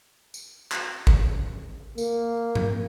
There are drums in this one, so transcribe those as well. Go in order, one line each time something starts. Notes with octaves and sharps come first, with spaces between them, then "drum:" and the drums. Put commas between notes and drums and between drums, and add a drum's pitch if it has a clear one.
drum: tambourine
drum: clap
drum: kick
A#3, drum: tambourine
drum: tom G2